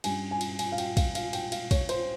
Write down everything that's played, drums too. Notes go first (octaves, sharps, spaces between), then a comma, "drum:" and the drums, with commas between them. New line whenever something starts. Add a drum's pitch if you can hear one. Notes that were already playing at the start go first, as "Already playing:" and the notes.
G2 G3 C#4 G#5, drum: cymbal
G#5
drum: cymbal
G#5, drum: cymbal
F5
G5, drum: cymbal
F5, drum: kick, cymbal
F5, drum: cymbal
G5, drum: cymbal
F5, drum: cymbal
C#5, drum: kick, cymbal
C5, drum: cymbal